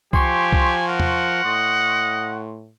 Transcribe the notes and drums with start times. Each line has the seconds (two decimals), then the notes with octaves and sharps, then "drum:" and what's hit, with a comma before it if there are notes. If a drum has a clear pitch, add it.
0.13 F3 G4 G#5 C6 C#6, drum: kick C2
0.53 drum: kick C2
0.88 A#4 F#5
1.00 drum: tom E2
1.45 A2 D#5